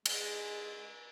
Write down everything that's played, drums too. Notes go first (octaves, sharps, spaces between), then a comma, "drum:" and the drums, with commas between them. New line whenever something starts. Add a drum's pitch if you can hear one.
G#3, drum: cymbal